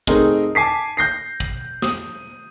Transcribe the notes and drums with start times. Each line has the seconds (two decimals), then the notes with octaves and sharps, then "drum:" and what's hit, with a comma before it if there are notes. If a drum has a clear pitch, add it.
0.07 A3 C4 D#4 G#4 A#4, drum: kick
0.55 G#5 A5 D6 B6 C7
0.97 G6 A#6 C7
1.40 drum: kick
1.82 D#6, drum: snare